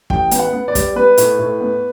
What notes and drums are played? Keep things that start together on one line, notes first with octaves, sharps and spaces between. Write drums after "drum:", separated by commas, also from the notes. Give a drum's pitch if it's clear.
A1 G5, drum: kick
B3, drum: hi-hat
F#5
B3
D5
G3, drum: kick, hi-hat
B3 B4
A2, drum: hi-hat
A2
B3